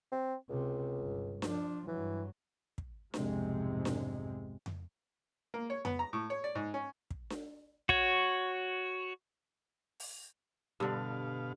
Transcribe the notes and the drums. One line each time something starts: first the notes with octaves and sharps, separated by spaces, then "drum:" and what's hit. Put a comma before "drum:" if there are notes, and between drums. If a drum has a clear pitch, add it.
C4
C#2 C3
G1
F3 D4, drum: snare D4
G2 E3 F#3
drum: kick
B1 F2 G#2 C3 G#3, drum: snare D4
drum: snare D4
drum: tom F2
A#3
C#5
B3, drum: tom F2
A#5
A2
C#5
D5
G#2
C#4
drum: kick
drum: snare D4
F#4 C#5, drum: kick
drum: open hi-hat
G2 B2 D3 F5